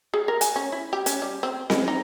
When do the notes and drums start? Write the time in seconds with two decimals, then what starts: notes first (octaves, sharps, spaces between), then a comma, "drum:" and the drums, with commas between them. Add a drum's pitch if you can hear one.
0.14 G#4
0.28 A#4
0.41 G#5, drum: hi-hat
0.56 C#4
0.72 E4
0.93 G4
1.06 C#4, drum: hi-hat
1.22 G3
1.43 C4
1.70 G#3, drum: snare C4
1.88 D#4